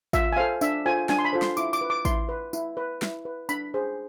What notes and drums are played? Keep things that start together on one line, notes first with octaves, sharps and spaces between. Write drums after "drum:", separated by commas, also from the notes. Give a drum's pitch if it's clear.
F4 E5, drum: kick A1, tambourine
G#5
A4 C5 F5
D4 E5, drum: tambourine
F4 A4 C5 G#5
D4 G#5, drum: snare
C6
B5
F4 A4 C5
C6, drum: snare
E4 D6, drum: tambourine
D6, drum: tambourine
B4
D6
E4 C6, drum: kick A1, tambourine
B4
E4, drum: tambourine
B4
E4, drum: snare
B4
D4 B5, drum: tambourine
G#4 C5